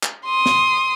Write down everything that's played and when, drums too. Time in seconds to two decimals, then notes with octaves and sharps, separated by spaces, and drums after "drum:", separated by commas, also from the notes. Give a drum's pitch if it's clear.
0.03 drum: clap
0.25 C6 D#6
0.46 drum: snare